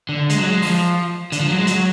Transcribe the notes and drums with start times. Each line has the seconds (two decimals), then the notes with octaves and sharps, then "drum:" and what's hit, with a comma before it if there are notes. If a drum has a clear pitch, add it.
0.09 D3
0.30 G#3, drum: hi-hat
0.38 F#3
0.50 G#3
0.62 F3, drum: open hi-hat
1.32 D3, drum: hi-hat
1.40 F3
1.49 F#3
1.58 G#3
1.67 F#3, drum: hi-hat